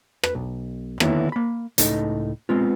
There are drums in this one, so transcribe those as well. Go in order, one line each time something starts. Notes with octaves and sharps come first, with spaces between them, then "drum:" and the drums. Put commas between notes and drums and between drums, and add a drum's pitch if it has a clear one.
B4, drum: rim click
B1
D3 D#3 A#3 B3 E4 C#5, drum: rim click
A#3 B5
C#2 A2 A3 D#4 D#5, drum: hi-hat
G#3 B3 C4 F4